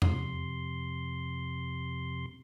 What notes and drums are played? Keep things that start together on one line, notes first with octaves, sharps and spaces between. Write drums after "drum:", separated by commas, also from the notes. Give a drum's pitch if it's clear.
F2 C3 C6, drum: tom E2